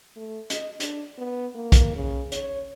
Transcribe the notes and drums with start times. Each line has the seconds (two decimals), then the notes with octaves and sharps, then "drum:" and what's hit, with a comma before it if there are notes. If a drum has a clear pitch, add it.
0.16 A3
0.50 D#5, drum: hi-hat
0.80 D4, drum: hi-hat
1.18 B3
1.55 A#3
1.72 drum: kick B1, hi-hat
1.96 C#3
2.32 C#5, drum: hi-hat